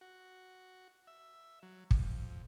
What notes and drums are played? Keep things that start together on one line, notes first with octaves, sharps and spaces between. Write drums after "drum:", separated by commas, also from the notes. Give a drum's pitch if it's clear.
F#4
E5
F#3
F2, drum: kick